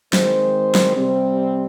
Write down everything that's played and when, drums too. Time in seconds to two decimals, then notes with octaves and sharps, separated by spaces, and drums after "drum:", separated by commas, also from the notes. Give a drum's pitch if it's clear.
0.13 D#3 G#3 C4 C5, drum: snare
0.75 drum: snare
0.96 C3 G3 C4